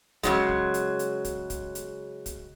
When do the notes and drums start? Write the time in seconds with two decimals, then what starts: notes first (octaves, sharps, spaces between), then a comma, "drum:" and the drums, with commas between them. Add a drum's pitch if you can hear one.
0.23 C#3 F#3 G#3, drum: kick, hi-hat
0.49 drum: kick
0.74 drum: hi-hat
0.99 drum: hi-hat
1.25 drum: kick, hi-hat
1.50 drum: kick, hi-hat
1.75 drum: hi-hat
2.26 drum: kick, hi-hat